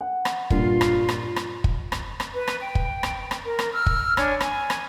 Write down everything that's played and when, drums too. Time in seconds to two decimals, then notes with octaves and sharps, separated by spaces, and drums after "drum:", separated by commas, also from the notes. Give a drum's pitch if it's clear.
0.01 F#5
0.25 drum: rim click
0.50 G2 A#2 D4 F4, drum: kick
0.81 drum: rim click
1.09 drum: rim click
1.36 drum: rim click
1.64 drum: kick
1.92 drum: rim click
2.20 drum: rim click
2.33 B4
2.47 drum: rim click
2.61 G5
2.75 drum: kick
3.03 drum: rim click
3.31 drum: rim click
3.45 A#4
3.59 drum: rim click
3.73 E6 F6
3.86 drum: kick
4.17 D4 C#5 G#5, drum: rim click
4.40 G#5, drum: rim click
4.70 drum: rim click